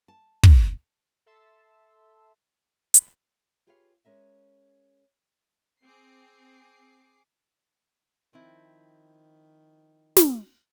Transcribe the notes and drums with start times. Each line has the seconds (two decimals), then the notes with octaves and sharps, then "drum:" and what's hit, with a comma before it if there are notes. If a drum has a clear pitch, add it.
0.08 A5
0.43 drum: kick
1.26 A4 E5 A5 C6 E6
2.94 drum: hi-hat
3.67 F4 G4 G#4 B4 C#5 F5
4.05 G#3 C#4 A#4 E5
5.83 C4 G#4 D6 C7
8.33 D#3 F3 C4 E4
10.17 drum: snare